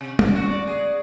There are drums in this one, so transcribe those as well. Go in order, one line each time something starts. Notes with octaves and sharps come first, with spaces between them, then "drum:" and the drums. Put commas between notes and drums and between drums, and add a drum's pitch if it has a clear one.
C3
C#3, drum: tom
F#4
D5
G#4